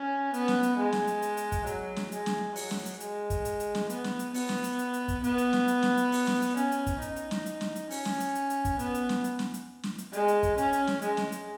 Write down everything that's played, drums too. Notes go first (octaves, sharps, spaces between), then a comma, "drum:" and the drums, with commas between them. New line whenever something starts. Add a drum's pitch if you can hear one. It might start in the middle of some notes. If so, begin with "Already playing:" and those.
Already playing: C#4
B3, drum: hi-hat
drum: snare
drum: hi-hat
G#3
drum: snare
drum: hi-hat
drum: hi-hat
drum: hi-hat
drum: kick, hi-hat
F#3, drum: hi-hat
drum: snare
G#3, drum: hi-hat
drum: snare
F#3, drum: open hi-hat
drum: snare
drum: hi-hat
G#3, drum: hi-hat
drum: kick, hi-hat
drum: hi-hat
drum: hi-hat
drum: snare
B3, drum: hi-hat
drum: snare
drum: hi-hat
B3, drum: open hi-hat
drum: snare
drum: hi-hat
drum: hi-hat
drum: hi-hat
drum: kick, hi-hat
B3, drum: hi-hat
drum: hi-hat
drum: snare
drum: hi-hat
drum: snare
drum: hi-hat
drum: open hi-hat
drum: snare
drum: hi-hat
C#4, drum: hi-hat
drum: hi-hat
drum: kick, hi-hat
D#4, drum: hi-hat
drum: hi-hat
drum: snare
drum: hi-hat
drum: snare
drum: hi-hat
C#4, drum: open hi-hat
drum: snare
drum: hi-hat
drum: hi-hat
drum: hi-hat
drum: kick, hi-hat
B3, drum: hi-hat
drum: hi-hat
drum: snare
drum: hi-hat
drum: snare
drum: hi-hat
drum: snare
drum: hi-hat
G#3, drum: hi-hat
drum: hi-hat
drum: kick, hi-hat
C#4, drum: hi-hat
drum: hi-hat
drum: snare
G#3, drum: hi-hat
drum: snare
drum: hi-hat